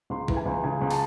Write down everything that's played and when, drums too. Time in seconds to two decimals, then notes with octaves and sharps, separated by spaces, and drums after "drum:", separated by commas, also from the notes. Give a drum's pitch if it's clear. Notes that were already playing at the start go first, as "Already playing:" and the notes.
0.10 C#2 C6
0.28 E3, drum: kick
0.37 G#5
0.45 C#2
0.64 C#3 G#5
0.81 C#2
0.91 A5, drum: open hi-hat